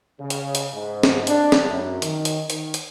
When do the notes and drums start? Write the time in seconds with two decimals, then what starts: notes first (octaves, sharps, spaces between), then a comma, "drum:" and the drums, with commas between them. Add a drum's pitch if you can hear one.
0.20 C#3
0.30 drum: hi-hat
0.55 drum: hi-hat
0.74 G#2
1.03 drum: snare
1.27 D4, drum: hi-hat
1.52 drum: snare
1.69 F#2
2.02 D#3, drum: hi-hat
2.25 drum: hi-hat
2.50 D#3, drum: hi-hat
2.74 drum: hi-hat